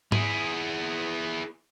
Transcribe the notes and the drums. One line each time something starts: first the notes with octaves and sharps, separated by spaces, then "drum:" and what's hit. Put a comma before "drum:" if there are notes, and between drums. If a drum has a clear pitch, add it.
E4 G#4, drum: tom G#2